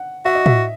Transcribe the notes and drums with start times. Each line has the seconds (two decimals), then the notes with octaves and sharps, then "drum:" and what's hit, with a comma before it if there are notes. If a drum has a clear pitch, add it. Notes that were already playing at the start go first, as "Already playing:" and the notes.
Already playing: F#5
0.25 F#4 E5
0.35 D#5
0.46 E5, drum: tom A2